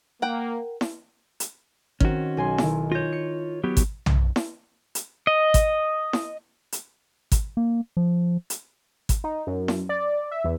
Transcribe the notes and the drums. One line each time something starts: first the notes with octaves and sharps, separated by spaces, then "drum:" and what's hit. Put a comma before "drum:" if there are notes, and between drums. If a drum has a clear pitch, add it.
A#3 A#4 F#5 G5
drum: snare E4
drum: hi-hat
D#3 C4 C#4 F#4, drum: kick
B1 G#5 C6
D#3 E4, drum: snare E4
F4 C#5 G6 A#6
C#7
F#3 B3 G4
drum: kick, hi-hat
drum: tom B1
drum: snare E4
drum: hi-hat
D#5
drum: kick, hi-hat
drum: snare E4
drum: hi-hat
drum: kick, hi-hat
A#3
F3
drum: hi-hat
drum: kick, hi-hat
D#4
F#2
drum: snare E4
D5
E5
E2